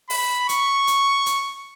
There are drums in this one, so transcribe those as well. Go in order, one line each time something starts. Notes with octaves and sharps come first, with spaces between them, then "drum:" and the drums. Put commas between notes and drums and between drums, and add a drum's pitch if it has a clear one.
B5, drum: open hi-hat
C#6, drum: hi-hat
drum: hi-hat
drum: hi-hat